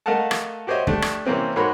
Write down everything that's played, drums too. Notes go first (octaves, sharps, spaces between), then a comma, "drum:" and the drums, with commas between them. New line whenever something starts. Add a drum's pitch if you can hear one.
A3 A#4 D#5 F5 F#5 A5
drum: rim click
F#4 G4 C5 C#5 D#5 E5
A3 D4 G4, drum: kick
drum: rim click
C3 E3 A#3 C4 C#4
G#2 F#4 A#4 C#5 F#5 B5